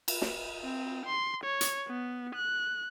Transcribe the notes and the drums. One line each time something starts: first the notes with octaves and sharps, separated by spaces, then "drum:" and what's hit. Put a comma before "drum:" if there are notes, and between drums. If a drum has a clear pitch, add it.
drum: cymbal
drum: snare
C4
C6
C#5
drum: hi-hat
B3
F#6